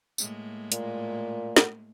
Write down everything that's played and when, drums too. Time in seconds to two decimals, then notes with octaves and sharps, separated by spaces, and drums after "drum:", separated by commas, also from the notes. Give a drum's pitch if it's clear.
0.18 A2 G#3 A#3, drum: tambourine
0.72 A#2, drum: hi-hat
1.56 drum: snare